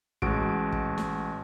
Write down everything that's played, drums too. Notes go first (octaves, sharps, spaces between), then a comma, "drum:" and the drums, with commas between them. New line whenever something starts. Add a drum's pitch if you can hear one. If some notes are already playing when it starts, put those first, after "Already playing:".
A1 G#3 F#4 D7, drum: kick
drum: kick
drum: snare